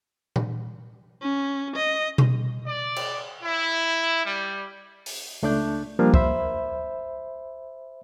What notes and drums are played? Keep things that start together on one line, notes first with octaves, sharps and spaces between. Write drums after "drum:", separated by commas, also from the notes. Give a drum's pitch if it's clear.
drum: tom A#2
C#4
D#5
drum: tom B2
D5
drum: cymbal
E4
G3
drum: open hi-hat
C#2 A3 D4 D5 G6
F3 G3 A#3 D4 F4
C5 E5 B5, drum: kick